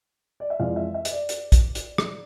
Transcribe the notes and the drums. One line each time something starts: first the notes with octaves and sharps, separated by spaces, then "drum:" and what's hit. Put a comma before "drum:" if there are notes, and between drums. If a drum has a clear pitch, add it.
D5
E5
F2 E3 G#3 D5 F5
E5
E5
E5, drum: hi-hat
D5
drum: hi-hat
drum: kick A#1, hi-hat
drum: hi-hat
drum: rim click